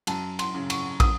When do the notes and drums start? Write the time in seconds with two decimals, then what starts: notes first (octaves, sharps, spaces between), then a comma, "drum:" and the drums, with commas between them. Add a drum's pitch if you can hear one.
0.07 F#2 A5, drum: cymbal
0.39 C6, drum: cymbal
0.55 C#3
0.70 C#6, drum: cymbal
1.00 D#6, drum: kick, cymbal